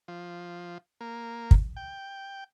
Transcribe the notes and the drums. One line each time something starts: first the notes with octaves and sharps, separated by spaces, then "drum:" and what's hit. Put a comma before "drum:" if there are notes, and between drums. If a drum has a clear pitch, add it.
F3
A#3
drum: kick
G5